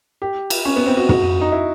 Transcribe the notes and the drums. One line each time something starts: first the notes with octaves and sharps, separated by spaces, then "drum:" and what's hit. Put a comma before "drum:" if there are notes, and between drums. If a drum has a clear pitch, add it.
G4
drum: cymbal
C#4
B3
C4
F#4
F#4, drum: tom
D#4
E4